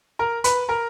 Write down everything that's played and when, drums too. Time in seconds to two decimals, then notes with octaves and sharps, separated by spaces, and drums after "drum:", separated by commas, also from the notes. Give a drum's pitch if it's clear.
0.19 A#4 A#5
0.44 B4 B5, drum: hi-hat
0.69 A#4 A#5